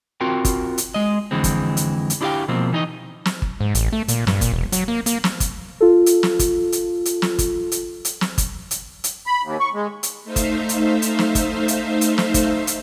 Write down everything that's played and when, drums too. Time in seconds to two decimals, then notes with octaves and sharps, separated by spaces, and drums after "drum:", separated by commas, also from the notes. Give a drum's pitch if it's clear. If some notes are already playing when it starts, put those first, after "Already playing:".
0.21 C4 F4 F#4 A#4 G5
0.45 drum: kick G1, hi-hat
0.78 drum: hi-hat
0.94 G#3 D#5
1.31 F2 D3 E3 G#3 C4
1.44 drum: kick G1, hi-hat
1.77 drum: hi-hat
2.10 drum: hi-hat
2.21 D4 E4 G4 D5 F5 G5
2.48 B2 F3 A#3 C4
2.73 E3 D#4 D#5
3.25 drum: snare
3.42 drum: kick G1
3.60 G#2
3.75 A1, drum: hi-hat
3.93 A3
4.08 A#2, drum: hi-hat
4.27 G2, drum: snare
4.41 A#2, drum: kick G1, hi-hat
4.53 E1
4.72 F#3, drum: hi-hat
4.88 A#3
5.06 A#3, drum: hi-hat
5.24 drum: snare
5.40 drum: kick G1, hi-hat
5.81 F4 A4
6.06 drum: hi-hat
6.23 drum: snare
6.39 drum: kick G1, hi-hat
6.72 drum: hi-hat
7.05 drum: hi-hat
7.22 drum: snare
7.39 drum: kick G1, hi-hat
7.72 drum: hi-hat
8.05 drum: hi-hat
8.21 drum: snare
8.38 drum: kick G1, hi-hat
8.71 drum: hi-hat
9.04 drum: hi-hat
9.27 B5
9.43 D#2
9.60 C#6
9.74 G#3
10.03 drum: hi-hat
10.24 A3 D#4 C5 E5 F5
10.36 drum: kick G1, hi-hat
10.69 drum: hi-hat
11.02 drum: hi-hat
11.19 drum: snare
11.35 drum: kick G1, hi-hat
11.68 drum: hi-hat
12.01 drum: hi-hat
12.18 drum: snare
12.34 drum: kick G1, hi-hat
12.67 drum: hi-hat